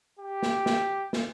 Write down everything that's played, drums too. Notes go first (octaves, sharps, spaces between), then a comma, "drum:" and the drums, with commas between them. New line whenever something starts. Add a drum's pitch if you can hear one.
G4
drum: snare
drum: snare
drum: snare